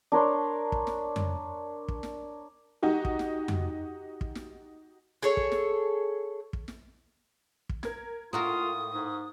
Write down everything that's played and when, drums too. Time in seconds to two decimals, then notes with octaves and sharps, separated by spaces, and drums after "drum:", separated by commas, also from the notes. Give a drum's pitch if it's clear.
0.12 D4 A#4 C#5 C6
0.72 drum: kick
0.87 drum: snare
1.16 drum: tom F2
1.88 drum: kick
2.03 drum: snare
2.82 D#4 F#4 G4
3.05 drum: kick
3.19 drum: snare
3.48 drum: tom F2
4.21 drum: kick
4.35 drum: snare
5.23 G#4 A4 C#5
5.37 drum: kick
5.52 drum: snare
6.53 drum: kick
6.68 drum: snare
7.69 drum: kick
7.83 A#4 G#6, drum: snare
8.33 A2 A#3 F4 F#4 A#4 D#6
8.92 G#2